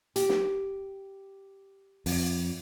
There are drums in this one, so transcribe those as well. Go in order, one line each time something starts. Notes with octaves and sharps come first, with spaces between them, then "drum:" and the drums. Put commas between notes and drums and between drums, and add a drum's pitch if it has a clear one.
G4, drum: hi-hat
drum: snare
F2, drum: open hi-hat